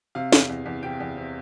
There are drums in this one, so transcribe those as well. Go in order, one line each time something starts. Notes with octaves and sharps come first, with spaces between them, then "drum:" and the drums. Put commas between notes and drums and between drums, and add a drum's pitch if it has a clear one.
C3 F5
E2, drum: snare
E2
E2
C3 G5
E2
C3